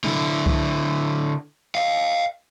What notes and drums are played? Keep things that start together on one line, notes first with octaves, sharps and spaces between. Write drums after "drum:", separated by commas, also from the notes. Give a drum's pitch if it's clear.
D3 E4, drum: tom
drum: kick C2
D#5 F5